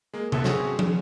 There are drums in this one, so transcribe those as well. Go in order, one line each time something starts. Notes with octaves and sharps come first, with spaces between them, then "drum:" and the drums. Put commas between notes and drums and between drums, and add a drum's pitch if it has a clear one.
G#3 A#3
G1 D2 B3 A4 E5, drum: tom C3
C4 C#4 F#4 G#4, drum: snare
drum: tom